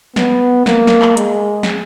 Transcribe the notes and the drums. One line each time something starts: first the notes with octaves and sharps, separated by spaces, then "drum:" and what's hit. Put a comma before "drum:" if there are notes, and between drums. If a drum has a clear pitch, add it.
B3, drum: snare
A#3, drum: snare
drum: snare
drum: clap
G#3, drum: hi-hat
drum: snare